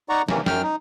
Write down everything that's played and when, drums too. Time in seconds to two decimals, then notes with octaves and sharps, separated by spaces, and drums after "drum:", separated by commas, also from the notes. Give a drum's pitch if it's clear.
0.09 D#4 D5 F#5 A#5 C#6
0.29 C3 D#3 E3 A#3 C#4, drum: snare
0.46 F#2 G5 F6, drum: snare
0.62 D#4